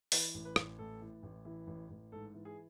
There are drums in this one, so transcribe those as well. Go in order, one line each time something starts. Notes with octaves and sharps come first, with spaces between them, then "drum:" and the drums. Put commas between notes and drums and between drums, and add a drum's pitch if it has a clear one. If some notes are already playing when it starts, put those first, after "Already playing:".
E3 B4, drum: open hi-hat
A1
B4
A1, drum: rim click
A2 A4
E3
A1
E3
A1
A1
G#2 A4
E3
G#4